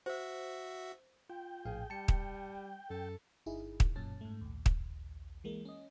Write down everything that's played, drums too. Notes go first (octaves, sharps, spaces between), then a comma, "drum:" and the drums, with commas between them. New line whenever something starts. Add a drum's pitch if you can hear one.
F#4 C5 E5
F4 G5
A#1 A2 G#4 F5
G3 A5 C#7
drum: kick
F#2 A4
G1 D#4 E4 G#4
drum: kick
F#2 A#2 C#4 A5
G#2 A3
A#1 D#2
drum: kick
E3 G#3 A#3
C#4 D#5